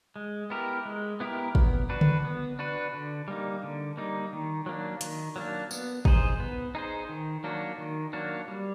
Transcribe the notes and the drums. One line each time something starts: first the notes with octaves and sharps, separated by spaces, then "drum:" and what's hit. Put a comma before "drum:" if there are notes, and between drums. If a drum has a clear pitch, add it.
G#3
B3 E4 G4 A#4
G#3
B3 E4 G4 A#4
B3, drum: kick
D4 F#4 B4
drum: tom C#3
B3
D4 F#4 B4
D3
G3 A#3 D#4
D3
G3 A#3 D#4
D#3
F#3 A#3 D4
D#3, drum: hi-hat
F#3 A#3 D4
B3, drum: tambourine
D#4 G#4 C5, drum: kick
B3
D#4 G#4 C5
D#3
F#3 A#3 D4 F#4
D#3
F#3 A#3 D4 F#4
G3